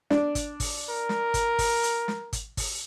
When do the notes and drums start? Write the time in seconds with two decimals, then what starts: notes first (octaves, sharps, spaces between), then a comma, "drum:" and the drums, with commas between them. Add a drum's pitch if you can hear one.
0.10 D4, drum: snare
0.35 drum: kick, hi-hat
0.60 drum: kick, open hi-hat
0.89 A#4
1.09 drum: snare
1.34 drum: kick, hi-hat
1.59 drum: kick, open hi-hat
1.83 drum: hi-hat
2.08 drum: snare
2.33 drum: kick, hi-hat
2.57 drum: kick, open hi-hat